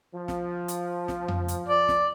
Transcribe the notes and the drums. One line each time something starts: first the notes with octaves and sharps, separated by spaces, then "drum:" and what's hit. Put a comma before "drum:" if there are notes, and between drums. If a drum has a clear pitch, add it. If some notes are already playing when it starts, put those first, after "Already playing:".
F3
drum: snare
drum: hi-hat
drum: snare
drum: tom F2
drum: hi-hat
D5
drum: snare